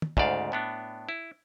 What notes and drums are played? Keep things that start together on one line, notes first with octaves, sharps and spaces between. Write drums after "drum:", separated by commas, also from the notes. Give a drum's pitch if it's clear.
drum: tom
D2 G#2 C#3 D5 F5, drum: kick
A2 B3 D4
E4